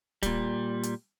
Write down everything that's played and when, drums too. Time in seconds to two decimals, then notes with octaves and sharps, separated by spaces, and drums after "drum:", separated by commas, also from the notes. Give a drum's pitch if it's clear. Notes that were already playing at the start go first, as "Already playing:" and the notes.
0.23 A#2 G3, drum: kick D1, hi-hat
0.83 drum: hi-hat